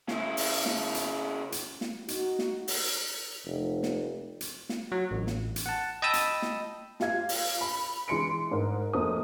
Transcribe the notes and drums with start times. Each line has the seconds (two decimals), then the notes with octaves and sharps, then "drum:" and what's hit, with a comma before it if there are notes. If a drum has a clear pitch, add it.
0.08 C#3 E4, drum: snare
0.37 drum: open hi-hat
0.66 drum: snare
0.95 drum: hi-hat
1.52 drum: hi-hat
1.81 drum: snare
2.08 D#4 F#4, drum: hi-hat
2.39 drum: snare
2.68 drum: open hi-hat
3.47 F1
3.83 drum: snare
4.41 drum: hi-hat
4.69 drum: snare
4.92 F#3
5.11 A1
5.27 drum: snare
5.56 drum: hi-hat
5.66 F#5 A5
6.02 D#5 G5 A5 B5 D#6 E6
6.14 drum: hi-hat
6.42 drum: snare
7.00 F4 G4 F5 G#6, drum: snare
7.29 drum: open hi-hat
7.61 B5
8.08 E3 G#3 C6 C#7 D7
8.51 G#2 A#4
8.93 F1 A#3 C5 D#6